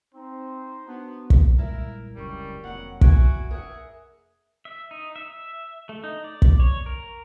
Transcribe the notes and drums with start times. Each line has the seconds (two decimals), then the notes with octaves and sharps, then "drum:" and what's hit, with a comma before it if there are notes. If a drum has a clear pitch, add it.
0.14 C4 D#4 C5
0.88 B3 D4 F#4
1.30 drum: kick
1.58 A#2 G3 G#3 E4 A#4 E5 A#6
2.16 F1 C#2 F#2 G3 A#4 C#6
2.64 F1 F2 D#3 F#3 A#3 F#5
3.01 E4 F#4 G#5 G#6 D7, drum: kick
3.51 G#4 A#4 E5 F#5
4.65 E5
4.91 D#4
5.16 E5
5.89 A3
6.04 D#4
6.24 D5
6.42 drum: kick
6.60 C#5
6.86 A#4